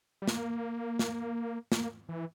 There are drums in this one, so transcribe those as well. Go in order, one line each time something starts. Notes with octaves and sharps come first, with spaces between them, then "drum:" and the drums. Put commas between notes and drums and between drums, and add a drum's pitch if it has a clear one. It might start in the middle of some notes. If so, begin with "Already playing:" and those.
G3
A#3, drum: snare
drum: snare
A#3, drum: snare
E3